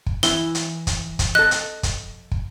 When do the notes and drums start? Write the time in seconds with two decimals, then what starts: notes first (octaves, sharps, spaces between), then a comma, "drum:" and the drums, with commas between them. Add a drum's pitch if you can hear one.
0.06 drum: kick
0.23 E3 E4 G7, drum: hi-hat
0.55 drum: hi-hat
0.87 drum: kick, hi-hat
1.19 drum: kick, hi-hat
1.35 A4 D#5 F#6
1.51 drum: hi-hat
1.83 drum: kick, hi-hat
2.31 drum: kick